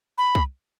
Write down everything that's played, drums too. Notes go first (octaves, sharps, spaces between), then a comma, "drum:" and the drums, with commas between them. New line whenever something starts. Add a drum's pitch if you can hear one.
B5
drum: kick